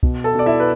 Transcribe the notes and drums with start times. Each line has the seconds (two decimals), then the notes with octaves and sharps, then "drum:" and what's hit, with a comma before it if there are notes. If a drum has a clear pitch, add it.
0.03 B2, drum: kick
0.24 A4 A5
0.35 B2 D5
0.46 E4 E5
0.60 B4